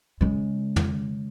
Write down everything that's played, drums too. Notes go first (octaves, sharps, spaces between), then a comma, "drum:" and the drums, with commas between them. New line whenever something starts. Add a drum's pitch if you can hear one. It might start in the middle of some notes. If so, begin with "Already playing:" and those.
C#3 G#3
drum: tom